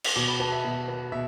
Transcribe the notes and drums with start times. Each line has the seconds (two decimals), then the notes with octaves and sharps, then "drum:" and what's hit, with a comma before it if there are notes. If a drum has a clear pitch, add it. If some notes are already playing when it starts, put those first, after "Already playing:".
0.04 drum: cymbal
0.16 B2 D6
0.28 B5
0.40 B3 A5
0.52 E5
0.64 B2
0.88 B3
1.12 B2 E5